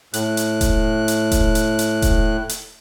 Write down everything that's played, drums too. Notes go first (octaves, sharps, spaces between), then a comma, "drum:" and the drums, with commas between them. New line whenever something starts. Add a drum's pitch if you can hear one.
A2 F#6, drum: hi-hat
drum: hi-hat
drum: kick E1, hi-hat
drum: hi-hat
drum: kick E1, hi-hat
drum: hi-hat
drum: hi-hat
drum: kick E1, hi-hat
drum: hi-hat